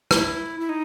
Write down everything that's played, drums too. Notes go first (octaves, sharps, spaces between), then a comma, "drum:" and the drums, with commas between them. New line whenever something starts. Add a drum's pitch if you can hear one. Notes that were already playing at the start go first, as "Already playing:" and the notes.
E4, drum: rim click
E4
D#4